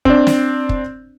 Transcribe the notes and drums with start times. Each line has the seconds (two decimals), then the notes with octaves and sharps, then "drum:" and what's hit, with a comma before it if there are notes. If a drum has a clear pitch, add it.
0.05 C4 D4, drum: kick
0.27 drum: snare
0.69 drum: kick